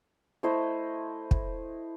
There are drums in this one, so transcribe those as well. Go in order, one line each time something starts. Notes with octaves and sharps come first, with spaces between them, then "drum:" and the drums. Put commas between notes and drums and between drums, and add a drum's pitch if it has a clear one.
A3 E4 C5 D#5
drum: kick